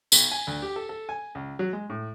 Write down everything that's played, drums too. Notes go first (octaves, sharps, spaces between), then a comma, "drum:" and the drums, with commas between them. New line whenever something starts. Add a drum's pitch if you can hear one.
B1, drum: tambourine
G#5
D2
G4
A4
A4
G#5
C#2
F#3
G#3
A2